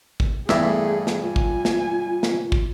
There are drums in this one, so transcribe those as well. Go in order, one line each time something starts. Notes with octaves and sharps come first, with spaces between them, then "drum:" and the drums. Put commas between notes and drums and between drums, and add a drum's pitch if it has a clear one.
drum: kick
E2 G2 A3 G#4 E5, drum: snare
drum: snare
F4 G#5
drum: kick
drum: snare
drum: snare
drum: kick